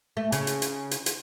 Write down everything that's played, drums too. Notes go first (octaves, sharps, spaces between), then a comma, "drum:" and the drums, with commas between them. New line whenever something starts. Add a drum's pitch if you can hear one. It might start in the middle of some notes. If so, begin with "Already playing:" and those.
A3
C#3, drum: hi-hat
drum: hi-hat
drum: hi-hat
drum: hi-hat
drum: hi-hat